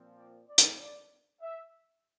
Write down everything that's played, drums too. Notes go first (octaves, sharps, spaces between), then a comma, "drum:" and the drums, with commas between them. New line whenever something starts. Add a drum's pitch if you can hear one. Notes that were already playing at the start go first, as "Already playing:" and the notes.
Already playing: A#2 F3 C4
D5
D5
drum: hi-hat
D5
E5